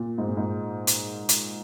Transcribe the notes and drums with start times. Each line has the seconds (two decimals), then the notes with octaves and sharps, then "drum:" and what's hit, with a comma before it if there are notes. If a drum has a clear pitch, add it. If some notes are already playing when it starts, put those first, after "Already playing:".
Already playing: A#2
0.18 G#2
0.28 A#2
0.37 G#2
0.87 drum: hi-hat
1.29 drum: hi-hat